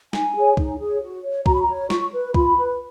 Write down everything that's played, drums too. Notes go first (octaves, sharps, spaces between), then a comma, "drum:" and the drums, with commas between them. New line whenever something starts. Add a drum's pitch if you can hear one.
D#4 G#5, drum: snare
G#4 C#5
D#4, drum: kick C2
G#4 C#5
F#4
C#5
F#4 A#5, drum: kick C2
B5
A#5
C#5
F4 C#6, drum: snare
B4
F4 B5, drum: kick C2
B4